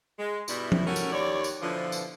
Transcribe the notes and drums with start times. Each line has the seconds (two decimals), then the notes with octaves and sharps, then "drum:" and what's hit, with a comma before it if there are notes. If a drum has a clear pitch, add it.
0.19 G#3
0.48 G2 B2 G3 E4, drum: tambourine
0.72 drum: tom F3
0.87 A3 C#4 E4 F#4 G4 A#4
0.96 drum: tambourine
1.12 D#2 C#5 D5
1.44 drum: tambourine
1.61 B2 D3 E3 F3
1.92 drum: tambourine